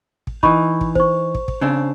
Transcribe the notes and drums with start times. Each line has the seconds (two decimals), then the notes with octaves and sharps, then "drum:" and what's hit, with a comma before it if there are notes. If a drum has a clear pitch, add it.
0.27 drum: kick
0.43 E3 D#4 B5 C#6, drum: kick
0.81 drum: kick
0.95 C5 C#6, drum: kick
1.35 drum: kick
1.48 drum: kick
1.61 C#3 C4 D4